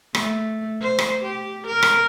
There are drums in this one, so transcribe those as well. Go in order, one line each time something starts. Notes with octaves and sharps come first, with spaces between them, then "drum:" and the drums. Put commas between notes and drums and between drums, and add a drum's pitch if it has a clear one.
A3, drum: rim click
C5
drum: rim click
G4
A#4
drum: rim click